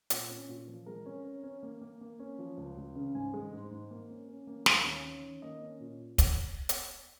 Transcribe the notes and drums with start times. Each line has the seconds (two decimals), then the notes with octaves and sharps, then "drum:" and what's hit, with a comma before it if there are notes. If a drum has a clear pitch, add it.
0.10 A#2, drum: hi-hat
0.29 C#4
0.49 A#2
0.68 F3
0.86 G#3 A#4
1.06 C#4
1.24 C#4
1.44 C#4
1.63 A#3
1.81 A#3
2.01 A#3
2.19 C#4
2.39 F3
2.57 C#2
2.77 C#2
2.95 C#3
3.15 G#2 G#5
3.34 G#3
3.53 G#2
3.71 G#2
3.91 A#3
4.10 C#4
4.28 C#4
4.47 A#3
4.66 D#2 F5, drum: snare
4.86 C#4
5.05 C#4
5.23 D#3
5.42 A#3 D#5
5.62 C#4
5.80 A#2
6.18 drum: kick, hi-hat
6.69 drum: hi-hat